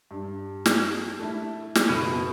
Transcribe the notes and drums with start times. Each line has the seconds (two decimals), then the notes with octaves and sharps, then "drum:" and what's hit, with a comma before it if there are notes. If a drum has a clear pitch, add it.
0.11 G2
0.66 drum: snare
1.19 A3 D4 E4
1.75 drum: snare
1.89 F#1 B2 A4 D#7